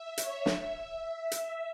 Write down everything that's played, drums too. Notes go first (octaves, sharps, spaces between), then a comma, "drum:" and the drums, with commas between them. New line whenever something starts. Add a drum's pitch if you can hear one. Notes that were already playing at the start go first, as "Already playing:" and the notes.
Already playing: E5
C#5, drum: hi-hat
E5, drum: snare
drum: hi-hat